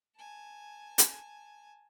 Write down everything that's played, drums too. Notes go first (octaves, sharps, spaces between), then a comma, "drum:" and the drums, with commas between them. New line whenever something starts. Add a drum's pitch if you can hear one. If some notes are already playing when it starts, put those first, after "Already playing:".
G#5 A5
drum: hi-hat